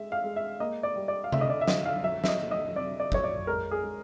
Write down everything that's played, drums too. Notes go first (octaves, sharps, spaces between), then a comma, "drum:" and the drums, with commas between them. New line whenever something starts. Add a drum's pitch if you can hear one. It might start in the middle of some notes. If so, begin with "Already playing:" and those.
Already playing: G#3 E5
F5
G#3
E5
A#3 D#5
D5
G3
D5
F5
D3 E5, drum: tom C3
D#5
D5
E5
D3 D#5, drum: snare
F5
F#3 E5
E5, drum: snare
D#5
A#3
D#5
C3 D5
D5
F#3 C#5, drum: kick
D5
G#3 A#4
G#4
G#3